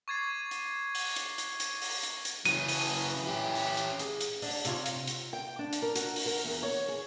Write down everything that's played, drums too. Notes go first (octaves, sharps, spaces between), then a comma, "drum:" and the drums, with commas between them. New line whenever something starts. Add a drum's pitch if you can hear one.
C#6 D6 G#6 A6 C7 D#7
drum: hi-hat
drum: open hi-hat
drum: hi-hat
drum: hi-hat
drum: hi-hat
drum: open hi-hat
drum: hi-hat
drum: hi-hat
C#3 E3 F#3 D#7, drum: hi-hat
drum: open hi-hat
C#4 G4
drum: open hi-hat
drum: hi-hat
G#4, drum: hi-hat
drum: hi-hat
D4, drum: open hi-hat
C3 F4 C#5, drum: hi-hat
drum: hi-hat
drum: hi-hat
G5
D4
drum: hi-hat
A#4
F#4, drum: hi-hat
drum: open hi-hat
A#4
E2
C#5
G#4